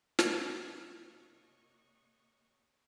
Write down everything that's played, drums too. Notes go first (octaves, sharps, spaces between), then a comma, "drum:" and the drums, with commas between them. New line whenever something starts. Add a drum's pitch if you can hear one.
C3 A#3 C#5 D#5 C#6 F#6, drum: snare